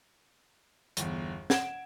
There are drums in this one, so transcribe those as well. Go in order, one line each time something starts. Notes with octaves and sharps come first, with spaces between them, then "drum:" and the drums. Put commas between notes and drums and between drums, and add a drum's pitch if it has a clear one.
G1 E2, drum: hi-hat
F#5 G#6 D7 E7, drum: snare